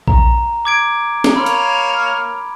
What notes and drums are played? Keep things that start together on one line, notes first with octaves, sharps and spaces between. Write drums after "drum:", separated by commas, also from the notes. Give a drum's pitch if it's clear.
A#5, drum: kick A#1
D6 G#6 D7
drum: snare
A#3 C#5 B5 C6 F6
drum: hi-hat